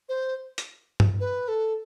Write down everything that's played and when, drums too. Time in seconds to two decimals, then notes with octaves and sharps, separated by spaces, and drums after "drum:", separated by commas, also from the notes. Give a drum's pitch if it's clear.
0.09 C5
0.58 drum: hi-hat
1.00 drum: tom G2
1.20 B4
1.48 A4